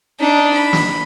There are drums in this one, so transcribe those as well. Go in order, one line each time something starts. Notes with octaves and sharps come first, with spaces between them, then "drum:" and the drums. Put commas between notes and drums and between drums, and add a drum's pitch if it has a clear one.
D4 D#4
B5
drum: snare